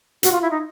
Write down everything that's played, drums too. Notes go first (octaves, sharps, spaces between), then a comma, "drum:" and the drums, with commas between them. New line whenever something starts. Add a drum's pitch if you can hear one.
F#4, drum: hi-hat
F4
E4
D#4